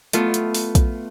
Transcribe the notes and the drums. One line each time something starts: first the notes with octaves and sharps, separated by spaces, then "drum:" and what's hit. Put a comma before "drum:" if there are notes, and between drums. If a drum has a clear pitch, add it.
A3 B3 F4, drum: hi-hat
drum: hi-hat
drum: open hi-hat
drum: kick, hi-hat